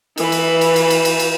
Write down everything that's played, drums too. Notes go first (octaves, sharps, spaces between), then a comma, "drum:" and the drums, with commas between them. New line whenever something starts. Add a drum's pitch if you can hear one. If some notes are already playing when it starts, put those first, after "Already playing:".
E3 B4, drum: cymbal
drum: cymbal
drum: cymbal
drum: cymbal
drum: cymbal
drum: cymbal
drum: cymbal